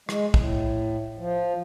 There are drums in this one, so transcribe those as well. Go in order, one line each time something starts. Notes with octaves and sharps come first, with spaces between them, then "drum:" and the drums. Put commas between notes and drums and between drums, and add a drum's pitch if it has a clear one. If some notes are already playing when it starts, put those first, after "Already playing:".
G#3, drum: rim click
A2, drum: kick
F3